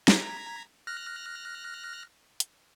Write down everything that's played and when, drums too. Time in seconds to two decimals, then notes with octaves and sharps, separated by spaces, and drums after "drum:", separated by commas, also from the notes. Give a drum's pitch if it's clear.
0.08 A#5 G#6 B6, drum: snare
0.87 F6 F#6 A#6
2.40 drum: hi-hat